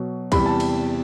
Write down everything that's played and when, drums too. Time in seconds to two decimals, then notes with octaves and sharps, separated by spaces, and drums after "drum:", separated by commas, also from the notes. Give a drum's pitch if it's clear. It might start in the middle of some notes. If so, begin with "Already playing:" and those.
Already playing: B2 F#3
0.32 E2 C3 E3 G3 B5, drum: kick, cymbal
0.46 A5
0.60 drum: cymbal